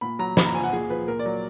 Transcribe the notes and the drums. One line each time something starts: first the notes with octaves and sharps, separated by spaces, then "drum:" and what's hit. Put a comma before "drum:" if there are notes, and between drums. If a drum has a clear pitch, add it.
A#2 B5
F#3 A#5
A#2 B5, drum: snare
A#5
F3 G#5
F#5
A#2 G#4
F3 B4
A#2 A#4
D5
F#3